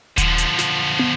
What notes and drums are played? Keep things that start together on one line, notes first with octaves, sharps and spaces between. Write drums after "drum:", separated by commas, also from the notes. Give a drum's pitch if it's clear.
D3 F3, drum: kick D#1, hi-hat
drum: hi-hat
drum: snare
drum: tom